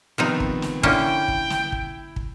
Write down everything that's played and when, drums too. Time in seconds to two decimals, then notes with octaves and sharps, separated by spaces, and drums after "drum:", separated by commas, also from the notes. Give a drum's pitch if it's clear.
0.18 C3 D#3 F3 B3 C4 D#4
0.40 drum: kick
0.62 drum: snare
0.83 D3 A#3 C#4 E4 G5, drum: kick
1.28 drum: kick
1.50 drum: snare
1.72 drum: kick
2.16 drum: kick